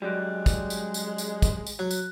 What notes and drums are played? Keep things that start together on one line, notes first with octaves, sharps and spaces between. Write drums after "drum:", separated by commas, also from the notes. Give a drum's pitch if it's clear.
F#2 G3 G#3 F#4 D5 F#6
drum: kick, tambourine
drum: tambourine
drum: tambourine
drum: tambourine
drum: kick, tambourine
drum: tambourine
F#3
F#6, drum: tambourine